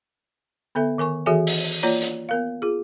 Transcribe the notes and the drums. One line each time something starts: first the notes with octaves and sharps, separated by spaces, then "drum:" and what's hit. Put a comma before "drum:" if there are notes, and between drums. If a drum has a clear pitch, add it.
D3 B3 A4 E5
D#3 A#4 G#5 C#6
E3 F#4 G#4 A4 E5 G#5
drum: open hi-hat
A#3 F4 C#5 D5 A#5
drum: hi-hat
B3 A#4 F5
F4 G#4